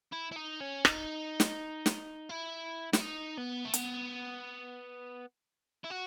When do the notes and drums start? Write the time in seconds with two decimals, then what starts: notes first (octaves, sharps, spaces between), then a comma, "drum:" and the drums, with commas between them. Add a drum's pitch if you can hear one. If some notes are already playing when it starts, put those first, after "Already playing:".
0.13 E4
0.32 E4
0.36 D#4
0.60 C#4
0.85 D#4, drum: rim click
1.40 drum: snare
1.86 drum: snare
2.29 E4
2.93 E4, drum: snare
3.01 D#4
3.38 B3
3.65 A3
3.74 B3, drum: hi-hat
5.84 E4
5.91 F#4